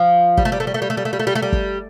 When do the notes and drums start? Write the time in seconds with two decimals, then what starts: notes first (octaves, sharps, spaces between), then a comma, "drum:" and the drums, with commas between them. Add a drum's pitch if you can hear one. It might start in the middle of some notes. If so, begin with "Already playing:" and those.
Already playing: F3
0.38 G3, drum: kick
0.45 A3
0.52 G3
0.60 A3
0.67 G3
0.74 A3
0.82 G3
0.90 A3
0.97 G3
1.05 A3
1.13 G3
1.20 A3
1.27 G3
1.35 A3
1.42 G3
1.52 drum: kick